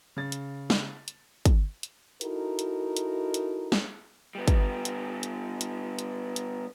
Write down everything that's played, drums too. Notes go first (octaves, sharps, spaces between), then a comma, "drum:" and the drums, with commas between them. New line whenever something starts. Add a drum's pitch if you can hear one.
C#3 A6
drum: hi-hat
drum: snare
drum: hi-hat
drum: kick, hi-hat
drum: hi-hat
D#4 E4 F#4 A4 A#4, drum: hi-hat
drum: hi-hat
drum: hi-hat
drum: hi-hat
drum: snare
G3 B3
drum: kick, hi-hat
drum: hi-hat
drum: hi-hat
drum: hi-hat
drum: hi-hat
drum: hi-hat